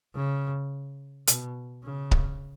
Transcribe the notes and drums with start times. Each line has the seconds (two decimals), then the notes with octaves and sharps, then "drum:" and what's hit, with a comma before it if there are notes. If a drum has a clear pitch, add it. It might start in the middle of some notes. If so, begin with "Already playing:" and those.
0.15 C#3
1.28 B2, drum: hi-hat
1.84 C#3
2.11 drum: kick C#1